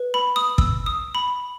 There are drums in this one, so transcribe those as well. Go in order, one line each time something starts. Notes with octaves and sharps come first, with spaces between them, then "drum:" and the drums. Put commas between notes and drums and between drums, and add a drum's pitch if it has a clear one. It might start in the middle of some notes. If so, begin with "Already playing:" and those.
Already playing: B4
B5
D#6
E6, drum: kick
D#6
B5